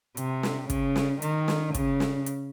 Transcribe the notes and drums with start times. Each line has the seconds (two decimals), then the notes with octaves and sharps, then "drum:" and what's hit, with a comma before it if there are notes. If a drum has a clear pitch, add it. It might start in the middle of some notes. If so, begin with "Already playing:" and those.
0.17 C3, drum: hi-hat
0.43 drum: snare
0.70 C#3, drum: kick, hi-hat
0.96 drum: snare
1.22 D#3, drum: hi-hat
1.48 drum: snare
1.74 C#3, drum: kick, hi-hat
2.00 drum: snare
2.26 drum: hi-hat